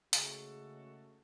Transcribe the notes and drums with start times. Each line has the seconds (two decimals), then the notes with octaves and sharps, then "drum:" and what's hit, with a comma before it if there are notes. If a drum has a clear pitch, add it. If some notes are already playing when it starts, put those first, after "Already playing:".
0.13 C#3 G#3 A3 F#4 A4, drum: hi-hat